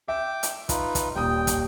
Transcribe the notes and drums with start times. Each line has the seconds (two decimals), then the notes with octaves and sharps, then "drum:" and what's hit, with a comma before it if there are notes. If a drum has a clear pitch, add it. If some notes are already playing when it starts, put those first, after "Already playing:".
0.08 E5 G5 D6
0.43 drum: hi-hat
0.69 D#4 F4 B4, drum: kick, hi-hat
0.95 drum: kick, hi-hat
1.15 D#1 G5 D#6
1.47 drum: kick, hi-hat